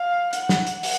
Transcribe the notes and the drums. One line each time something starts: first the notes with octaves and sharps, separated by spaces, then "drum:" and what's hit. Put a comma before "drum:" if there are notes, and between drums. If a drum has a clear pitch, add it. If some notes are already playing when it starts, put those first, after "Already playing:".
Already playing: F5
F#5, drum: hi-hat
drum: snare
F#5, drum: hi-hat
drum: open hi-hat